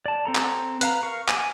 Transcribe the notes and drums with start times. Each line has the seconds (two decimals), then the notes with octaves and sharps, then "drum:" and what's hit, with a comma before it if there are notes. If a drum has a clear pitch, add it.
0.06 D5 A5
0.25 C4 A4 A#5
0.35 drum: clap
0.81 B4 F5 A#5, drum: hi-hat
1.03 A#4 F5 C#6
1.28 G#5 D6, drum: clap